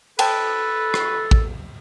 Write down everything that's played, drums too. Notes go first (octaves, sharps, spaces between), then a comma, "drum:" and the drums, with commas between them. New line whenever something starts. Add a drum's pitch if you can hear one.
A4 B4 C5 G5 A5, drum: cymbal
drum: rim click
drum: kick